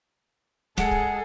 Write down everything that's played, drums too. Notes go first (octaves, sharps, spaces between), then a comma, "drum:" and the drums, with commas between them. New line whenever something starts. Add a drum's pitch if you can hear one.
G#3 G#4 A4 F#5, drum: kick
drum: kick